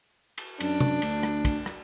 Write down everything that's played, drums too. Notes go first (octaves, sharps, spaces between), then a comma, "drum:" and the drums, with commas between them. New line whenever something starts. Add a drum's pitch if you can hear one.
drum: cymbal
F#2 D4, drum: cymbal
drum: tom
D2, drum: cymbal
drum: rim click
drum: kick, cymbal
drum: rim click